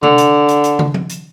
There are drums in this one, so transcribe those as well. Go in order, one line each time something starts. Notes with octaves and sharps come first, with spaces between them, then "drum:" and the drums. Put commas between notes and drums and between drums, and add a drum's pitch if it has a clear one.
D3, drum: tom C3
drum: hi-hat
drum: hi-hat
drum: hi-hat
drum: tom
drum: tom F3
drum: hi-hat